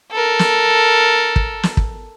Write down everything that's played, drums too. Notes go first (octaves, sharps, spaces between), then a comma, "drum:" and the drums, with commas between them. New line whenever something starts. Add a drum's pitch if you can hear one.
A4 A#4
drum: snare
drum: kick
drum: snare
drum: kick